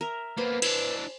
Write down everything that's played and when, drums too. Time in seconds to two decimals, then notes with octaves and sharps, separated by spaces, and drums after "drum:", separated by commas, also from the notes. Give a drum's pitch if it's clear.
0.01 A#4 E5
0.37 A#3 B3 B4 C5 B5
0.62 D4 E4 G#5 D6, drum: cymbal